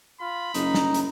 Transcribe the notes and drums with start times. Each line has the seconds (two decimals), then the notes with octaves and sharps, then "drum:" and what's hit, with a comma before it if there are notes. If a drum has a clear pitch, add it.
0.21 F4 B5
0.54 F#1 D#4 A#5, drum: hi-hat
0.74 drum: snare
0.94 drum: hi-hat